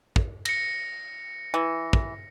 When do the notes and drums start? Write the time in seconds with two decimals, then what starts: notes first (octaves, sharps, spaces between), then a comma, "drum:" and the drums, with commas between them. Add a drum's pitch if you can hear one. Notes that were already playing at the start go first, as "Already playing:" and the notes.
0.16 drum: kick
0.45 A#6 C#7, drum: cymbal
1.54 E3
1.93 drum: kick